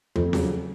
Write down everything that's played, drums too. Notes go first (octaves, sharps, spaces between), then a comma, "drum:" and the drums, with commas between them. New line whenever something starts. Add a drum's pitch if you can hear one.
F2, drum: tom E2
C#3 F#3, drum: snare C#4